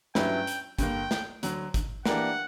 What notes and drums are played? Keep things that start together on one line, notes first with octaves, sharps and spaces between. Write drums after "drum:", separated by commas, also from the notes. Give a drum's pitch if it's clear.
G2 F#3 C#4 E4 B4 G5, drum: snare
drum: hi-hat
G2 D3 A#3 G5, drum: kick G1, hi-hat
drum: snare
D2 D3 F#3, drum: hi-hat
drum: kick G1, hi-hat
E3 A#3 D4 G4 A#4 F#5, drum: snare